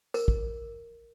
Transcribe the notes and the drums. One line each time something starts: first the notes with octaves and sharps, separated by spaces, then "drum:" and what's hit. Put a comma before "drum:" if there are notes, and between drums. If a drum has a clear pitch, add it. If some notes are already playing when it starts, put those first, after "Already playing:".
A#4, drum: tambourine
drum: kick